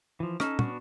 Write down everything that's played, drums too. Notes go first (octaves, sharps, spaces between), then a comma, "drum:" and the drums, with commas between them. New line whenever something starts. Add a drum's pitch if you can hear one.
E3 F3
C#4 D#4 A4, drum: rim click
B3 D4 F#4, drum: tom